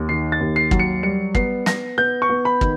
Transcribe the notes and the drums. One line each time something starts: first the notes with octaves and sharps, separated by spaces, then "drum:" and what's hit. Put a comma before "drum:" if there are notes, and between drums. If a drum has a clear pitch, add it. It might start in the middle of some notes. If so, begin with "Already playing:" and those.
Already playing: D#2
D#3 C7
A6
D#2
C7
F#3, drum: kick
C#7
G3 C#7
B3 C7, drum: kick
B3 A#6, drum: snare
B3 G6
C#6
B3
B5
D#3, drum: kick